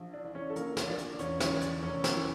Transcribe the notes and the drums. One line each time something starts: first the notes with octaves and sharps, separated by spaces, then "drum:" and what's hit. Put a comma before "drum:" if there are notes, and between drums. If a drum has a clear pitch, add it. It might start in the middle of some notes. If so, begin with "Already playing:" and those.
Already playing: A#1
D4 D5
E3 D5
C#4 C#5
A4
A#1 A#3 A#4, drum: hi-hat
C#5, drum: snare
A#1 D4 D5
drum: hi-hat
E2 C#4 C#5, drum: hi-hat
C#4 C#5, drum: snare
E2 C#5
D4 D5, drum: hi-hat
F1 C#4 C#5
drum: snare
E3